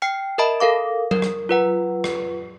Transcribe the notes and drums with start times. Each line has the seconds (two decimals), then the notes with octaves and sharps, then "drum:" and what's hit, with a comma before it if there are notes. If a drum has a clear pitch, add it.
0.02 G5 F6 C7 C#7
0.38 A#4 D#5 E5 A5 B5
0.60 A4 A#4 F5 D6
1.11 A#4, drum: tom F#3
1.22 drum: rim click
1.49 F4 B4 F#5
2.04 drum: rim click